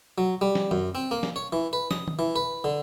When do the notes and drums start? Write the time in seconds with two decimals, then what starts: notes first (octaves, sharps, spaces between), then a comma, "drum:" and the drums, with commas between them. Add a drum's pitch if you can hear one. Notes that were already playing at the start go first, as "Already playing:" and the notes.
0.18 F#3
0.41 G3
0.55 drum: snare
0.71 F#2, drum: tom D#3
0.95 C4
1.11 A#3
1.23 drum: snare
1.36 C#5
1.53 E3
1.73 B4
1.91 D#6, drum: snare
2.08 drum: tom D#3
2.19 E3
2.36 B4
2.64 D3